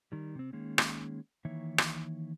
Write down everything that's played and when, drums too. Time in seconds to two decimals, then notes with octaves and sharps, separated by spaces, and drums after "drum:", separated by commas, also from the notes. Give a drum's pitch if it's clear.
0.12 D#3 G3
0.35 C3 C4
0.53 D#3 G#3 A#3 C#4
0.78 drum: rim click
1.45 D#3 E3 A#3 D#4 C#5 E5
1.78 drum: rim click